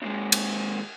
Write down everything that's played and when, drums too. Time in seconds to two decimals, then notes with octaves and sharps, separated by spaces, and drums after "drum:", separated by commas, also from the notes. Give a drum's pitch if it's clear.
0.02 D#2 G#3
0.32 drum: cymbal